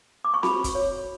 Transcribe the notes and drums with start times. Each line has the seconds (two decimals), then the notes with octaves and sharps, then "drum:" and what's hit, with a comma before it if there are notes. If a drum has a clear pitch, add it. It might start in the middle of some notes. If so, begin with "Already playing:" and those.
0.25 D6
0.34 C#6
0.43 F#4 B5, drum: snare C4
0.64 drum: kick, hi-hat
0.75 C#5